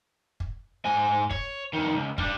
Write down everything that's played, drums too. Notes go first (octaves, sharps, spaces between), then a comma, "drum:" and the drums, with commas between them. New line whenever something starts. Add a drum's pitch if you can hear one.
drum: kick
G#2 G#5
C#5, drum: kick
G2 D#3
C#2
G3 D4, drum: kick